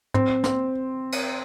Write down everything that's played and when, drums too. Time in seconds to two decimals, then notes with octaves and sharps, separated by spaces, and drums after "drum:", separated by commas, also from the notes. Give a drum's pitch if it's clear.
0.14 C4, drum: tom
0.44 C4, drum: snare
1.12 drum: cymbal